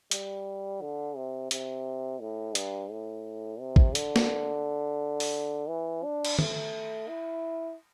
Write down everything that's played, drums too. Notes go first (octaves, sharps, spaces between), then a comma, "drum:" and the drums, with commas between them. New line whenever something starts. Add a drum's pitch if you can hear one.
G3, drum: hi-hat
D3
C3
C3, drum: hi-hat
A2
G2, drum: hi-hat
A2
C3
drum: kick A1
D3, drum: hi-hat
drum: snare
drum: open hi-hat
E3
D4
drum: cymbal
A3, drum: tom D#3
E4